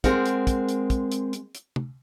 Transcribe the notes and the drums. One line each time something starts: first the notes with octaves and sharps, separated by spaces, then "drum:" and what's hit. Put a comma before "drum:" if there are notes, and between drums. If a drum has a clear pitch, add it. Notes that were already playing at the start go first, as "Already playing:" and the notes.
G#3 C4 G#4 A#4 F#5, drum: kick, hi-hat
drum: hi-hat
drum: kick, hi-hat
drum: hi-hat
drum: kick, hi-hat
drum: hi-hat
drum: hi-hat
drum: hi-hat
drum: tom